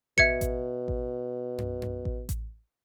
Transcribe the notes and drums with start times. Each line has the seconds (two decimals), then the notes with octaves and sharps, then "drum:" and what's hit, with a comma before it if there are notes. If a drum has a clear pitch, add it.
0.18 B2 E5 G#6 C#7, drum: kick A1
0.41 drum: kick A1, hi-hat
0.88 drum: kick A1
1.58 drum: tom F#2
1.82 drum: tom F#2
2.05 drum: kick A1
2.29 drum: kick A1, hi-hat